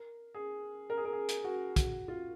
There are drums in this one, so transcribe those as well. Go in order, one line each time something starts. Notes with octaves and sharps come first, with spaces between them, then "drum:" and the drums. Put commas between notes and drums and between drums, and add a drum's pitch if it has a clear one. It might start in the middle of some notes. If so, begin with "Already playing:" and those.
Already playing: A#4
G#4
A#4
G#4
A#4
G#4
drum: hi-hat
F#4
F#4, drum: kick, hi-hat
F4